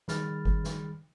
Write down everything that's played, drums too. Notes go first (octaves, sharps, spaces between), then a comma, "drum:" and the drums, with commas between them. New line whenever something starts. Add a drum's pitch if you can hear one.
D#3 G3 G#4 B5 F6 A6, drum: snare
drum: kick G1
drum: snare